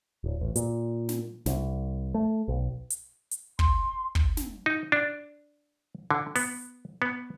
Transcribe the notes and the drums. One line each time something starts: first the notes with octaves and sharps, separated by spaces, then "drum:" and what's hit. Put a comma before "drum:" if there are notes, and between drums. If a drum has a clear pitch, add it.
D1
A1
A#2, drum: hi-hat
drum: snare
C2, drum: snare
A3
B1
drum: hi-hat
drum: hi-hat
C6, drum: kick
drum: kick
drum: snare
D#4
D4
D3
B3, drum: open hi-hat
B3